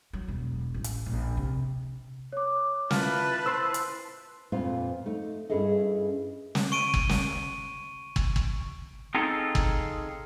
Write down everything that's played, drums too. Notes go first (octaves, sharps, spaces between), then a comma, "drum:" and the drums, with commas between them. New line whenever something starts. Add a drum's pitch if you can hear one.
F#3
E1
A1
drum: hi-hat
A#1
C3
C#5 D6
E4 F4 B4 A5 F6, drum: snare
C5 C6 E6
drum: hi-hat
F2 A#2 B3 C4 F4
A3 D#4
G2 C#4 E4 G#4 A4 D#5
drum: snare
C#6 D7 D#7
drum: kick
drum: snare
drum: kick
drum: kick
C4 D#4 F4 G#4 A4
drum: kick